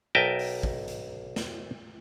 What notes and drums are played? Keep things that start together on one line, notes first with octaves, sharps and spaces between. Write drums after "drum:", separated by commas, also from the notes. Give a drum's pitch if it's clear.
B1 A#4 D#5 E5 G5 A5
drum: open hi-hat
drum: kick
drum: hi-hat
drum: snare